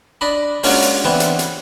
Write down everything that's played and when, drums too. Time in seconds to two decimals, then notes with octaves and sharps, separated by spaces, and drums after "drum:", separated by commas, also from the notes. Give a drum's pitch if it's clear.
0.21 D4 D5 D#5 B5
0.63 G#3 A#3 C#4 D4 F4 F#4, drum: open hi-hat
0.82 drum: hi-hat
1.04 E3 B3 C4 D4 E4
1.20 drum: hi-hat
1.39 drum: hi-hat